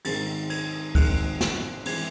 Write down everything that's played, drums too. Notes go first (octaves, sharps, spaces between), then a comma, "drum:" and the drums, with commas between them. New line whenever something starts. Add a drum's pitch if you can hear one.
G#1 G#2 D#3 G#3 C4 A6, drum: cymbal
G#6, drum: cymbal
G#1 G#2 D#3 G#3 C4 F#6, drum: kick, cymbal
drum: snare
E3 G#3 C4 G#6, drum: cymbal